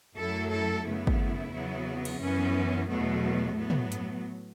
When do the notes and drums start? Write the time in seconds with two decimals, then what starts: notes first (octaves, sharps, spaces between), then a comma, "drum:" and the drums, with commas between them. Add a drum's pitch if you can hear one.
0.17 F#2 F#3 A3 E4 A4
0.52 E4 A4
0.85 F#2 C#3 A3 B3 E4
1.07 drum: kick
1.53 E2 C#3 F#3 B3
2.05 drum: cymbal
2.21 F#2 E3 B3 C#4
2.89 E2 B2 F#3 A3 B3
3.57 A2 F#3 B3
3.70 drum: tom
3.92 drum: hi-hat